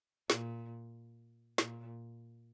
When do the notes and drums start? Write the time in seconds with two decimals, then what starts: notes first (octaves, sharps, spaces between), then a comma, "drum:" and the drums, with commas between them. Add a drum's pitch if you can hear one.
0.30 A#2, drum: snare
1.58 A#2, drum: snare